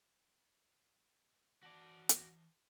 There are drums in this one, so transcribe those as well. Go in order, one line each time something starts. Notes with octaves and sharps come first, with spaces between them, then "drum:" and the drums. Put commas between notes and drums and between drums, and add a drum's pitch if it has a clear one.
E3 F#4 D5 A5
drum: hi-hat